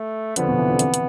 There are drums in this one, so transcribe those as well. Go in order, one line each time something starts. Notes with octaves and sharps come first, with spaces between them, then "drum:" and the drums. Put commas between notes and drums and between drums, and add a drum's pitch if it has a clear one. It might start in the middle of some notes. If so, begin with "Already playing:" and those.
Already playing: A3
D3 F3 B3, drum: hi-hat
B2 D3
C3 E3
D3 F3
C3 E3, drum: hi-hat
drum: hi-hat